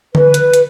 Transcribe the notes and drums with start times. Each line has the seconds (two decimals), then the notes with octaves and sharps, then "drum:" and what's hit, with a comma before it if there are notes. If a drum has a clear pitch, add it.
0.15 B4, drum: tom D3
0.34 drum: hi-hat
0.54 drum: hi-hat